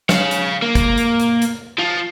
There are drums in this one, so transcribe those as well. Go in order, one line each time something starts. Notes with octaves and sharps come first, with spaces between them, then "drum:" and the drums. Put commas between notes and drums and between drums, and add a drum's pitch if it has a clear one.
C#5 F5, drum: snare
drum: hi-hat
A#3
drum: kick, hi-hat
drum: hi-hat
drum: hi-hat
drum: hi-hat
F3 F4